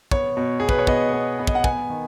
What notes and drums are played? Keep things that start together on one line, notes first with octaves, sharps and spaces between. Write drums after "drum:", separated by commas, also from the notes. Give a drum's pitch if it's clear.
B3 C#5, drum: kick
B2
B2 G#4
B4, drum: kick
C#5
B3 D#5, drum: kick
B3
B3
D#5, drum: kick
F#5
B3 G#5, drum: kick
D#3